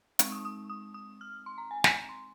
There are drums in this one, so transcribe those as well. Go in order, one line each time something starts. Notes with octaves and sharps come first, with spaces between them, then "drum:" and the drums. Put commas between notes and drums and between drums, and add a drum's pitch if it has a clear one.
G#3 C4 D#4 C#6, drum: hi-hat
D#6
D#6
D#6
D#6
F6
C6
A#5
G#5
G#5, drum: snare
A#5
C6